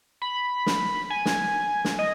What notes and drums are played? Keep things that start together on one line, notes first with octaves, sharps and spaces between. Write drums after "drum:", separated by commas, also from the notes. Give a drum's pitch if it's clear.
B5
drum: snare
G#5
drum: snare
drum: snare
D#5